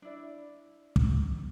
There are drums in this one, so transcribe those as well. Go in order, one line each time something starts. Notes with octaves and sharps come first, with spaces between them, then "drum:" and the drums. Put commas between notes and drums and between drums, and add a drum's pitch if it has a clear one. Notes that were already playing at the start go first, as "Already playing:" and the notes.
D4 E4 D5
drum: kick